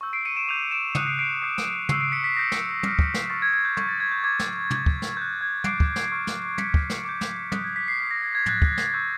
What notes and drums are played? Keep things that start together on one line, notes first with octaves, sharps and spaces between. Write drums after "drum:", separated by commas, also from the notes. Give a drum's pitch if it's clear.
C#6 E6 G6
C7 D7
C#7 D#7
D7 E7
D6 G6 D#7 F7
D7 E7
D#6 F#6 C#7 D#7, drum: tom
C7 D7
C7 D7
D6 G6 C7
drum: snare
C#6 E6 G6 C7, drum: tom
C7 D7
B6 C#7
B6
D#6 G6 A#6
drum: snare
D6 F6, drum: tom
drum: kick
drum: snare
C#6 F6 A6
G#6
G#6
G6
C#6 F6 G#6, drum: tom
A6
G#6
G6
D6 G6 G#6
drum: snare
D6 G6 G#6, drum: tom
drum: kick
drum: snare
C#6 F#6 G6
G#6
D6 F#6 C7 D7, drum: tom
drum: kick
drum: snare
C#6 F6
drum: snare
C#6 F#6 B6 C#7, drum: tom
drum: kick
drum: snare
D6 G6
drum: snare
D#6 F#6 B6, drum: tom
G#6
B6
C7
C#6 F6 C7
A#6
G#6
G#6
C#6 F#6 A6, drum: tom
drum: kick
drum: snare
C#6 E6 G6